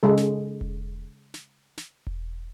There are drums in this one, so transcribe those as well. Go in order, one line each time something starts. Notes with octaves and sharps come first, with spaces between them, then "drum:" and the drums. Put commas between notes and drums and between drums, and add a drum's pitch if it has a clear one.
C#3 G#3 A4
drum: snare
drum: kick E1
drum: snare
drum: snare
drum: kick E1